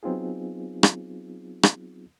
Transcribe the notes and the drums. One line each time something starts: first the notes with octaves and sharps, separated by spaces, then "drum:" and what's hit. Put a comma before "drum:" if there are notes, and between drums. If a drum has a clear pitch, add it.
F#3 B3 C4 D#4 F4 G#4
drum: rim click
drum: rim click